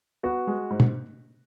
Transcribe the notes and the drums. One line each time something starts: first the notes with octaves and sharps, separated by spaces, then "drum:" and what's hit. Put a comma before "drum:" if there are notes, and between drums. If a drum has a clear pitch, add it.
B3 F#4
G#3
G#2
drum: tom